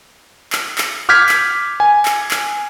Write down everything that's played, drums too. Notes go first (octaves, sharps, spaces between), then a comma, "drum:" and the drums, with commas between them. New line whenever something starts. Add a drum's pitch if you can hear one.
drum: clap
drum: clap
D6 F6 G6 G#6 B6
drum: clap
G#5
drum: clap
drum: clap